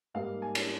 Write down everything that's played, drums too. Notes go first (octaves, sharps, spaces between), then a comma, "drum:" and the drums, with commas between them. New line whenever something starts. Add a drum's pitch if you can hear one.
G#2 G3 A#3 F5
G#5
drum: cymbal